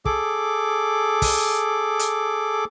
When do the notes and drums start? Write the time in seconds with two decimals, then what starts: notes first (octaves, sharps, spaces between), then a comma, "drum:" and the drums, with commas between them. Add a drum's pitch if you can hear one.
0.05 G#4 A4 D6, drum: kick
1.22 drum: kick, open hi-hat
1.99 drum: hi-hat